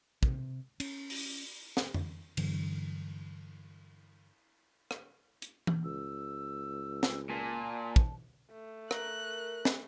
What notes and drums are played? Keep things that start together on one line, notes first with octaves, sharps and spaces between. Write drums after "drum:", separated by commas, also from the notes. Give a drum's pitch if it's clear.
C3, drum: kick
C#4, drum: cymbal
drum: open hi-hat
drum: snare
drum: tom F2
G2 D3 E3 F#3, drum: cymbal
drum: rim click
drum: hi-hat
drum: tom E3
C#2 E6
drum: snare
A#2 G#5 A5
drum: kick
A3
A#4 F#6, drum: rim click
drum: snare